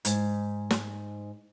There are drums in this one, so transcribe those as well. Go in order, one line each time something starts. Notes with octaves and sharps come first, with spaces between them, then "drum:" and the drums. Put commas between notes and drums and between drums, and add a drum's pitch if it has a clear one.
G#2, drum: hi-hat
drum: snare